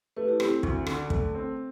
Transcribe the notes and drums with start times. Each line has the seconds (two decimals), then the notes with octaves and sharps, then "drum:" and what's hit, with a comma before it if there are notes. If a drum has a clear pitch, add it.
0.17 A3 G4 B4
0.28 E4 G4
0.40 C4 E4, drum: rim click
0.63 D2, drum: kick
0.87 D3, drum: rim click
1.10 A3, drum: kick
1.35 C4